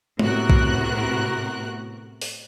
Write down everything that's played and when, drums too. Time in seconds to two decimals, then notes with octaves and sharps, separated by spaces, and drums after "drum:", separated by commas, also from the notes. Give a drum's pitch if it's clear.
0.19 A2 C3 B3 F#4 A#4 F#6, drum: tom
0.50 drum: kick
2.21 drum: open hi-hat